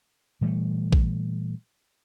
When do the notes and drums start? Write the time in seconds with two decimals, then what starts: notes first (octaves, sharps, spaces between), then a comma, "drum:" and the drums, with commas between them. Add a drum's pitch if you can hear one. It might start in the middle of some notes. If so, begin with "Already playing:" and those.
0.41 A#2 E3 G3 A3
0.92 drum: kick A#1